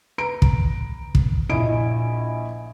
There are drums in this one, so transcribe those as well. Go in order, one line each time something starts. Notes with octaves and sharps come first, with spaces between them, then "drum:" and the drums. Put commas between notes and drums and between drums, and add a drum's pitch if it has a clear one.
B4 A#5 D7
drum: kick
drum: kick
A#1 E4 D#5 D7